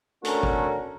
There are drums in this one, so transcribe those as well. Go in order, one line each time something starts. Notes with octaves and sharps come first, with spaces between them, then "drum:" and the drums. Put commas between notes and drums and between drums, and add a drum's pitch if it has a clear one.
A3 C#4 D4 F#4 A4 A#4, drum: hi-hat
drum: kick G#1